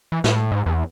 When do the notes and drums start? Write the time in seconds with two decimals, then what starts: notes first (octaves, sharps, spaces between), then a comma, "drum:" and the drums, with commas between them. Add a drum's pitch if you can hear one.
0.12 E3
0.24 A2, drum: snare
0.52 G#2
0.66 E2